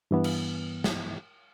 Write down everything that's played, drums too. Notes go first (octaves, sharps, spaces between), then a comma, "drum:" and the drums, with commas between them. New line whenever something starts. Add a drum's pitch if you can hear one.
G2 E3 B3
drum: cymbal
drum: snare